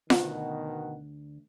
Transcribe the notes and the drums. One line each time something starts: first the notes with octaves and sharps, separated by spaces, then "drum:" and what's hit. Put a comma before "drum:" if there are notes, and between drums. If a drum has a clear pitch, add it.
D2 B2 D#3 F#5, drum: snare F4